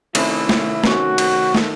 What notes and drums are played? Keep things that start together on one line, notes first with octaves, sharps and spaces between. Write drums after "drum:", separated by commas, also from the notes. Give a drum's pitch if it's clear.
C3 D#3 A3 C#4 E4, drum: cymbal
drum: snare
C3 D#3 A3 C#4 F#4, drum: snare
drum: cymbal
D#3 A3, drum: snare